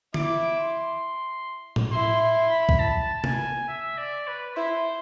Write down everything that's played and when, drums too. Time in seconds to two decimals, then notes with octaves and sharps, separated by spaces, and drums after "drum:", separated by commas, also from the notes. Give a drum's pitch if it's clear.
0.14 E4 D6, drum: tom
0.59 C6
1.76 drum: tom A2
1.91 E4 C6
2.21 C6
2.50 B5
2.69 drum: kick
2.80 A5
3.24 G#5, drum: tom C3
3.68 E5
3.97 D5
4.27 B4
4.56 E4 C5